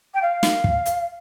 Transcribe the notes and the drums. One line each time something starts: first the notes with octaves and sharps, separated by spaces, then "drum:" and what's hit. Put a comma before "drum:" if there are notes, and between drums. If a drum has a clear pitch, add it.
G5
F5
drum: snare
drum: kick
drum: hi-hat